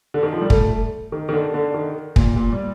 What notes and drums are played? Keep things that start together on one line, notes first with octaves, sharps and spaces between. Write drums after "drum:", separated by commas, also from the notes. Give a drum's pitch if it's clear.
D3
D#3
F3
G3
A3, drum: kick
D#3
D#3
D3
D3
D#3
A#2, drum: kick
A#2
G3